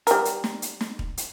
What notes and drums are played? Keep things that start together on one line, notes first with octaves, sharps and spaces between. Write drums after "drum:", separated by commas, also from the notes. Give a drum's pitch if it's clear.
G3 A#4, drum: hi-hat
drum: hi-hat
drum: snare
drum: hi-hat
drum: snare
drum: kick
drum: hi-hat